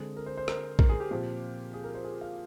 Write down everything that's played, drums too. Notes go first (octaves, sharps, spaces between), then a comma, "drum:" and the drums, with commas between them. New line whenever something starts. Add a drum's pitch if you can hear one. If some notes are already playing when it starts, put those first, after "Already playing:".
Already playing: D3 G#3 C4 G#4
A#4
C5
C5
A#4, drum: rim click
A#4, drum: kick
G#4
G4
A#2 F3 C4
G#4
A#4
C5
G#4
F5